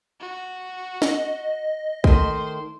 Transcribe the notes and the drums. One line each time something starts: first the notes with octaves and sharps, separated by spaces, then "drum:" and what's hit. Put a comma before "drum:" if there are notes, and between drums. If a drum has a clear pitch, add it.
F#4
D#5, drum: snare
D#3 A3 C5 C6, drum: kick A#1